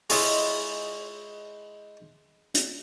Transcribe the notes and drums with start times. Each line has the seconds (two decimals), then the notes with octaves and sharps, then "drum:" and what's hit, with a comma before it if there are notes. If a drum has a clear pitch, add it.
0.10 G#3 E4 F4 G#4 C#5 D#5, drum: open hi-hat
2.55 drum: hi-hat